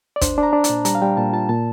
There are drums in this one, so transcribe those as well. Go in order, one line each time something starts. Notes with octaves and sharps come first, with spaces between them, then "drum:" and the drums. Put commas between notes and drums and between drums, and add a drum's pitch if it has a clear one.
D5
D4 C5, drum: kick, hi-hat
D4
A#5
D4
A5, drum: hi-hat
A#2
G3 A#5, drum: hi-hat
F5
G3 G5
A#2 A5
F4 A5
A#2 A5